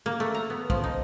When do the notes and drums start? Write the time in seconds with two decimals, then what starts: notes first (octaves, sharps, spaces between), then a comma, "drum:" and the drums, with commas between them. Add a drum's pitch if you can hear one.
0.06 A#3
0.20 A3
0.34 A#5
0.50 B3
0.70 F3, drum: kick
0.84 D#4